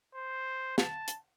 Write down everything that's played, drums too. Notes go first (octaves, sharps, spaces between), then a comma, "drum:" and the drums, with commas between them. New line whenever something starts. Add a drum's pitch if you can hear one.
C5
A5, drum: snare
drum: hi-hat